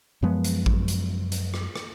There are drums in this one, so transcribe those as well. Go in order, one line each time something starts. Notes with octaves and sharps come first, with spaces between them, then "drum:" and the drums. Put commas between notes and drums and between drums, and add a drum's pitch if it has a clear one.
F#2 F3 G#3 B3
drum: hi-hat
drum: kick A1
drum: hi-hat
drum: hi-hat
drum: rim click
drum: rim click